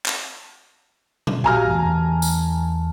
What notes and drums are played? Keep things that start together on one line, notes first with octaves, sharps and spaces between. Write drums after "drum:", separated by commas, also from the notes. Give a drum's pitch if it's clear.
drum: clap
drum: tom B2
A#1 F#4 G4 F5 G#5 A#5 F6
E2 E3 A3 A5
drum: tambourine